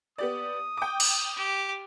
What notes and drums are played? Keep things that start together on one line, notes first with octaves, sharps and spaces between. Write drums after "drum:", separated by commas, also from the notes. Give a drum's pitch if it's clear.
B3 G4 D5 D#6
G5 D6
drum: cymbal
G4